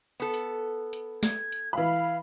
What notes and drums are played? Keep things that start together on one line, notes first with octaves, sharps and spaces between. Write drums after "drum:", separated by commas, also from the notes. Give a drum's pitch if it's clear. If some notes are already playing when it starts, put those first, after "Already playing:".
B3 A4
drum: hi-hat
drum: hi-hat
G#6, drum: snare
drum: hi-hat
E3 F5 B5